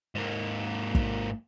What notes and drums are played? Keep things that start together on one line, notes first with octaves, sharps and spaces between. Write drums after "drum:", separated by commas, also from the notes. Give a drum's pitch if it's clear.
G#2 A#3
drum: kick